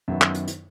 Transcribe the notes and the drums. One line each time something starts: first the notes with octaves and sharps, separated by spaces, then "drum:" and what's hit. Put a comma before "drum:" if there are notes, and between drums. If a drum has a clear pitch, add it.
F#2 D#3 F#3 B3 E5
drum: clap
drum: hi-hat
drum: hi-hat